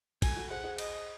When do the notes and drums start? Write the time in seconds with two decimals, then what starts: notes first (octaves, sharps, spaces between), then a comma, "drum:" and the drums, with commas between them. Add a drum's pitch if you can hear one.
0.22 F#4 A4 G#5, drum: kick, cymbal
0.36 F#4 A4
0.50 G#4 C5 F#5
0.64 G#4 C5
0.78 D#5, drum: cymbal